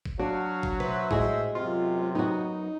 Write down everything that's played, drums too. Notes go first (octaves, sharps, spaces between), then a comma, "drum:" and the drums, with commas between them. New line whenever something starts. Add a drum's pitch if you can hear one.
drum: kick
F#3 D4 F#4 F5
drum: kick
B4 C5 E5, drum: tom B2
A2 G#3 F#4 G#4, drum: kick
F#2 C3 F4
B3 D#4 F#4